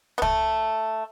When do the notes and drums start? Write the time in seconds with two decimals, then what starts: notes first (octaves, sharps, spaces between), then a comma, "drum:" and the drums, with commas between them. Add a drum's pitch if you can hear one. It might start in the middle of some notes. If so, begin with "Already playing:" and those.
0.18 B3
0.22 A3, drum: kick C2